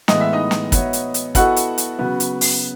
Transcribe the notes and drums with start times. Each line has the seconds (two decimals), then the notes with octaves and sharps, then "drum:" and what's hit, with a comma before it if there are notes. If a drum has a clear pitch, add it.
0.08 A2 E3 G#3 B3 D#5, drum: snare
0.21 E5
0.33 D#4 D#5
0.51 drum: snare
0.72 B3 F#4 C#5 E5, drum: kick, hi-hat
0.93 drum: hi-hat
1.14 drum: hi-hat
1.35 B3 E4 F#4 A4 D#5 F#5, drum: kick, hi-hat
1.56 drum: hi-hat
1.78 drum: hi-hat
1.99 C#3 F#3 B3
2.20 drum: hi-hat
2.41 drum: open hi-hat